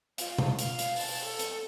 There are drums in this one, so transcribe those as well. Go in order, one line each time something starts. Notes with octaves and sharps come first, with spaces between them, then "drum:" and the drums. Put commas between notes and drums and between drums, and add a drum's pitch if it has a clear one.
F4, drum: hi-hat
drum: tom B2
F5, drum: hi-hat
drum: hi-hat
A5, drum: open hi-hat
A4
drum: hi-hat